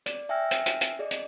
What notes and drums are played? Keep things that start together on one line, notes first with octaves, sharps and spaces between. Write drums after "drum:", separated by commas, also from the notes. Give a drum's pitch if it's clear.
D5, drum: hi-hat
E5 G5 G#5 E6 F6 A#6
drum: hi-hat
drum: hi-hat
drum: hi-hat
G#4 D5 D#5
drum: hi-hat